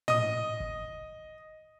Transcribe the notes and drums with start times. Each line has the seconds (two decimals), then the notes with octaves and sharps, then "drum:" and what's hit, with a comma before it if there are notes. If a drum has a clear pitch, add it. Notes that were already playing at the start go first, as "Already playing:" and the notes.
0.08 D#5 D#6, drum: tom
0.60 drum: kick